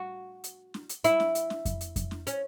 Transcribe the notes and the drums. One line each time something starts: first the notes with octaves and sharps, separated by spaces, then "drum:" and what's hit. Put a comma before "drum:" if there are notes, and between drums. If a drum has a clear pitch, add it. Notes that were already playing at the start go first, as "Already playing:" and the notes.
Already playing: F#4
drum: hi-hat
drum: snare
drum: hi-hat
E4, drum: hi-hat
drum: snare
drum: hi-hat
drum: snare
drum: kick F2, hi-hat
drum: hi-hat
drum: kick F2, hi-hat
drum: snare
C#4, drum: hi-hat